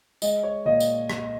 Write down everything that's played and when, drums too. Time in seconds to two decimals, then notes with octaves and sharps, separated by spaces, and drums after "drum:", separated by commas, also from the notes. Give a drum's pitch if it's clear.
0.22 G#3 D#5, drum: tambourine
0.43 C#5
0.65 A#2 D#5
0.80 drum: tambourine
1.10 drum: rim click